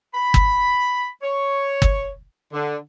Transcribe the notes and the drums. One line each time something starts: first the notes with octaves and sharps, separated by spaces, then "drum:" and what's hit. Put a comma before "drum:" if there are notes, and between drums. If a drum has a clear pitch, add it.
B5
drum: kick
C#5
drum: kick
D3